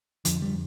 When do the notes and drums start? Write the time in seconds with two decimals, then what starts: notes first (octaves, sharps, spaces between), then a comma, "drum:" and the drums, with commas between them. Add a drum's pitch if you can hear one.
0.25 F2 D3 F3, drum: hi-hat
0.42 G3